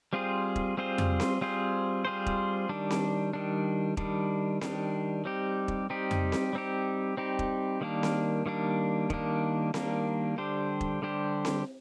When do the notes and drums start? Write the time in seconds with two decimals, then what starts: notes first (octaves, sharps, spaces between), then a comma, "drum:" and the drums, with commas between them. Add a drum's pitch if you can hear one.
0.13 G3 C4 F4 G#4 C5
0.56 drum: kick E1
0.77 G3 C4 F4 G#4 C5
0.98 drum: tom F2
1.20 drum: snare C4
1.41 G3 C4 F4 G#4 C5
2.05 G3 C4 F4 G#4 C5
2.26 drum: kick E1
2.69 D#3 G3 D4
2.91 drum: snare C4
3.33 D#3 G3 D4
3.97 D#3 G3 D4, drum: kick E1
4.61 D#3 G3 D4, drum: snare C4
5.25 G3 C4 D#4 G4
5.68 drum: kick E1
5.90 G3 C4 D#4 G4
6.11 drum: tom F2
6.32 drum: snare C4
6.53 G3 C4 D#4 G4
7.17 G3 C4 D#4 G4
7.39 drum: kick E1
7.81 D#3 G3 A#3 D4
8.03 drum: snare C4
8.46 D#3 G3 A#3 D4
9.10 D#3 G3 A#3 D4, drum: kick E1
9.74 D#3 G3 A#3 D4, drum: snare C4
10.38 D3 G3 D4 G4 C5
10.81 drum: kick E1
11.02 D3 G3 D4 G4 C5
11.45 drum: snare C4